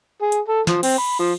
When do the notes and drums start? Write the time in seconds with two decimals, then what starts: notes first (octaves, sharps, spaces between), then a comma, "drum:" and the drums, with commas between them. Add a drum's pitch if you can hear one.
0.22 G#4
0.32 drum: hi-hat
0.48 A4
0.67 F3, drum: snare
0.83 C4, drum: cymbal
0.98 B5
1.19 F3